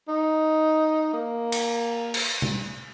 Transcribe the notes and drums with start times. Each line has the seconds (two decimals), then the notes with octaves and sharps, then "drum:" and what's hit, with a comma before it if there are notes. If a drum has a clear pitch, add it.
0.08 D#4
1.13 A#3
1.52 drum: cymbal
2.14 drum: cymbal
2.42 drum: tom